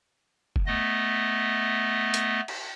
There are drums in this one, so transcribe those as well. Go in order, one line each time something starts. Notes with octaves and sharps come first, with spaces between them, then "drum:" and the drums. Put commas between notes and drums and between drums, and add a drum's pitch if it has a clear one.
drum: kick F#1
A3 B3 D#5
drum: hi-hat
drum: cymbal